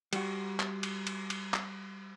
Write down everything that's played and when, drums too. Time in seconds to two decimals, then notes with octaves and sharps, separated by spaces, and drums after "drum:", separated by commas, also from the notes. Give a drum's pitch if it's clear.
0.13 G3 F#4, drum: cymbal
0.60 drum: clap
0.83 drum: cymbal
1.07 drum: cymbal
1.30 drum: cymbal
1.54 drum: clap